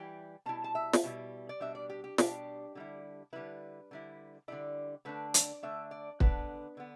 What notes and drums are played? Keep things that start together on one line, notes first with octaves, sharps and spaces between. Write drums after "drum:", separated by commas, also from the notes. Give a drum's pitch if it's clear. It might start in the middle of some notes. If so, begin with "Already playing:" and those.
Already playing: E3 G3 E4 G5
B2 G3 E4 A5
A5
E5
drum: snare
B2 G3 E4
D5
B2 G3 D4 E5
D5
G4
G4
B2 G3 D4 G4, drum: snare
D3 G3 E4
D3 G3 E4 B4
D3 G3 E4
D3 G3 E4 D5
D3 A3 D4 B4
D5, drum: hi-hat
D3 A3 D4 E5
D5
D3 B3 D4 B4, drum: kick
D3 B3